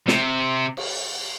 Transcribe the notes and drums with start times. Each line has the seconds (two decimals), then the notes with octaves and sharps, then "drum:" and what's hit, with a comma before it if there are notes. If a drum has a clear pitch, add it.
0.08 C3, drum: snare
0.77 drum: cymbal